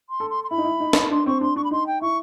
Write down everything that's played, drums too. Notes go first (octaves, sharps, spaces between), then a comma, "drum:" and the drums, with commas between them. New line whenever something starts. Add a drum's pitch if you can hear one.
C6
A4
C6
C6
E4 B5
D#4
E4
D#4
drum: snare
D4 C6
C4 C#6
D4 C6
D4 C#6
B5
D#4 C6
G5
E4 C#6